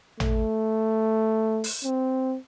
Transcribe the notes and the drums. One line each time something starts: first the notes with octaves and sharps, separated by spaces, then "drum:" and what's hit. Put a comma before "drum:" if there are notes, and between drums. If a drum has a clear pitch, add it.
A3, drum: tom A1
drum: open hi-hat
C4